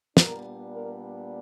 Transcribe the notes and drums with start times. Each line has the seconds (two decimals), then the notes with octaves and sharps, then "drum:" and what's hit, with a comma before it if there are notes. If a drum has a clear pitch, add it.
0.17 A#2 G3 B3 D4 A#4, drum: snare
0.72 A#4